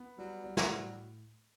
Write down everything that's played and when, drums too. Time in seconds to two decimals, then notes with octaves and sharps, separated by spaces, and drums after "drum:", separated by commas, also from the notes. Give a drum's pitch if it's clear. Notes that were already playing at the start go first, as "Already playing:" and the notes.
Already playing: B3
0.18 F#3 G3
0.44 G3
0.57 F#3, drum: snare
0.70 A2